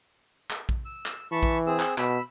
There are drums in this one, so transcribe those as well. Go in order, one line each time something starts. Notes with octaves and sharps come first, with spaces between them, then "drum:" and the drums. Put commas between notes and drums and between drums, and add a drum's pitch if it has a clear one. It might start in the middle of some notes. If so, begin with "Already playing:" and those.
drum: clap
drum: kick A#1
E6
drum: clap
E3 A5 B5 C#6
drum: kick A#1
C4 G#4 E6
drum: clap
B2 B5 E6, drum: clap